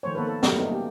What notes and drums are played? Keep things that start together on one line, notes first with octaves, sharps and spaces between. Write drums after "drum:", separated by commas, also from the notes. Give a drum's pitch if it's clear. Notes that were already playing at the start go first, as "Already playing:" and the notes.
D#3 F3 A3 C5 C#5
D#3 A#3 B3 A4 B4
A4
F#3 G3 A3 A#4, drum: snare
A3 B3 C#4 D#4
A#3 G4